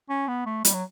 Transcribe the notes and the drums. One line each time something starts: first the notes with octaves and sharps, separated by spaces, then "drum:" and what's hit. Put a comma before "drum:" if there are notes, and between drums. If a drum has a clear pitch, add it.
C#4
B3
A3
G3, drum: hi-hat
F#3